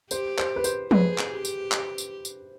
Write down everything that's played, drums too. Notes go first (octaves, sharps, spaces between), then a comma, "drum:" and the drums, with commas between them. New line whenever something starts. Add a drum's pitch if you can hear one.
G4 C5, drum: tambourine
C5, drum: clap
B4
C5, drum: tambourine
G#4 B4, drum: tom F3
drum: clap
G4
drum: tambourine
drum: clap
drum: tambourine
drum: tambourine